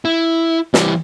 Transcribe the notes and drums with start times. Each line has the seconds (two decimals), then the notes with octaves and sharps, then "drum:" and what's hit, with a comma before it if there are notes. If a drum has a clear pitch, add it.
0.05 E4
0.74 E3 G3, drum: snare